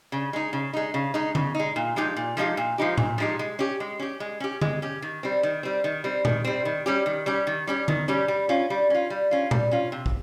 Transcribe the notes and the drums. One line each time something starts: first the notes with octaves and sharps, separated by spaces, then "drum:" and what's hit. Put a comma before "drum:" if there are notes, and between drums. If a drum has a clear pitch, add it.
C#3
G#3 D#4
C#3
G#3 D#4
C#3
G#3 D#4
C#3, drum: tom D3
G#3 D#4
A#2
F3 G#3 D#4 G4
A#2
F3 G#3 D#4 G4
A#2
F3 G#3 D#4 G4
A#2, drum: tom A2
F3 G#3 D#4 G4
G#3
C#4 G4
G#3
C#4 G4
G#3
C#4 G4
G#3, drum: tom D3
C#4 G4
D#3
G3 C4
D#3
G3 C4
D#3
G3 C4
D#3, drum: tom A#2
G3 C4
D#3
G3 C#4 G4
D#3
G3 C#4 G4
D#3
G3 C#4 G4
D#3, drum: tom D3
G3 C#4 G4
G3
C#4 F4
G3
C#4 F4
G3
C#4 F4
G3, drum: tom A#2
C#4 F4
C3
drum: kick